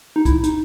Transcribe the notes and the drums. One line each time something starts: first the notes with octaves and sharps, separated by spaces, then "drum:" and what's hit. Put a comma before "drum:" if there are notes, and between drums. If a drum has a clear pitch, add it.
D#4
E4, drum: kick C2, hi-hat
D#4, drum: hi-hat